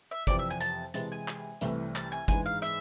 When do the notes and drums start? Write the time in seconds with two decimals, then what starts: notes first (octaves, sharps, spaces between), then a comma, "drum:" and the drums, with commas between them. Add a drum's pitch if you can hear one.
0.11 E5
0.27 F2 C3 E3 D5, drum: kick G1, hi-hat
0.39 E5
0.50 G#5
0.60 A5, drum: hi-hat
0.94 C3 E3 G#3 A5, drum: hi-hat
1.12 G#5
1.28 drum: clap
1.61 C2 C3 E3 A3, drum: hi-hat
1.96 A5, drum: clap
2.12 G#5
2.28 G#2 E3 G#3 D4 G#5, drum: kick G1, hi-hat
2.46 F5
2.62 E5, drum: hi-hat